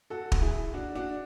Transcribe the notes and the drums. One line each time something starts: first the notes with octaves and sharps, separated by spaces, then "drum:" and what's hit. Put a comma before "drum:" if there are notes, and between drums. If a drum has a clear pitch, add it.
F#4 A4
drum: kick
E4 G#4
D4 F#4
D4 F#4